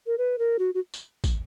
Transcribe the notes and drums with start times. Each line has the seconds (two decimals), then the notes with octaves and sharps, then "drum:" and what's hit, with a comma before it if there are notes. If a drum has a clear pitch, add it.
0.07 A#4
0.18 B4
0.39 A#4
0.59 F#4
0.74 F#4
0.94 drum: tambourine
1.24 drum: kick, tambourine